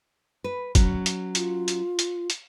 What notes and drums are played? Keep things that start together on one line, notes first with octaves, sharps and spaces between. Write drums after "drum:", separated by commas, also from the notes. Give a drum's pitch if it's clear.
B4
F#3 C#4, drum: kick, hi-hat
drum: hi-hat
F4, drum: hi-hat
drum: hi-hat
drum: hi-hat
drum: hi-hat